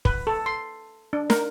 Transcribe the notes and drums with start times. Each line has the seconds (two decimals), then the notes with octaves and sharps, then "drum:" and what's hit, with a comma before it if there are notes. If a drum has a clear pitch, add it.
0.05 B4, drum: kick
0.27 A4
0.46 C6
1.13 D4
1.30 A#4, drum: snare